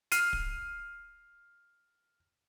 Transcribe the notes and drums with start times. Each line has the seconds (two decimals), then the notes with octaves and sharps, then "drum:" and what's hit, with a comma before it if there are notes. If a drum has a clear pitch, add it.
0.12 F6 C7 D#7, drum: hi-hat
0.33 drum: kick